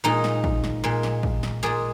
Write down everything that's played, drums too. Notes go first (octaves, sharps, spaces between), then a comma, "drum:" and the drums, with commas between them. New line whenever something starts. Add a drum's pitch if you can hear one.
A#2 G#3 D#4
drum: snare
drum: kick
drum: snare
A#2 G#3
drum: snare
drum: kick
drum: snare
A#2 G#3 G#4